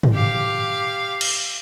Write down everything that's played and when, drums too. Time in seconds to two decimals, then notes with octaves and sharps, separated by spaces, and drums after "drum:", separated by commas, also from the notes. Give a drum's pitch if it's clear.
0.03 drum: tom
0.13 G4 F5
1.21 drum: cymbal